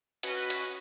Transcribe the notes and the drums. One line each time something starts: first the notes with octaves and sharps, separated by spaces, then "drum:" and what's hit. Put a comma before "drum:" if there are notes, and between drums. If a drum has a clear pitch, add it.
C#4 F#4 B4 D#5, drum: hi-hat
drum: hi-hat